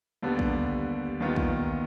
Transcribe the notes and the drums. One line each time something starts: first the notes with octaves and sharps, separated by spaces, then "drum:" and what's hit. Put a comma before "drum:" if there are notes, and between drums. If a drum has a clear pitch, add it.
D#2 D3 G3 B3
drum: kick
D#2 D#3 B3 F4
drum: kick